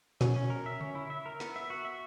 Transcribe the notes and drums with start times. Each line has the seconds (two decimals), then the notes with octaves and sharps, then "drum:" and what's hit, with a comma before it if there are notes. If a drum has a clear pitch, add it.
0.21 B2 C#4, drum: snare
0.36 C#4
0.50 A#4
0.66 E5
0.81 C#4, drum: tom C#3
0.95 E4
1.10 E5
1.26 A#4
1.40 B3, drum: snare
1.56 E5
1.70 F#4
1.85 E5